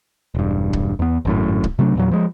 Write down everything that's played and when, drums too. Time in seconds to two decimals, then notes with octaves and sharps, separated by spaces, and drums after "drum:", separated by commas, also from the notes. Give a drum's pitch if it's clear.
0.35 E1 G2
0.73 drum: kick C#1
0.99 E2 B3
1.25 G#1 F#2 A2
1.64 drum: kick C#1
1.79 C3 F#3 A3 D4
1.95 E2 A#2 F#3
2.11 F3 G#3